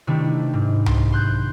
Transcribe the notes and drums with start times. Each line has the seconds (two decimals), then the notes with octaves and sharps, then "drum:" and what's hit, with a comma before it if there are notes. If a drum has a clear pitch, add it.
0.07 C3 D#3 A3 C4 D4 E4
0.53 G#2
0.86 C6, drum: tom C2
1.12 C6 F#6 G6